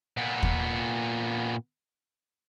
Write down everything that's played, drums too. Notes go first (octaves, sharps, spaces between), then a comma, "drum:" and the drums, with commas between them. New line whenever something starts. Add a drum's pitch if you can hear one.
A#2 B3
drum: kick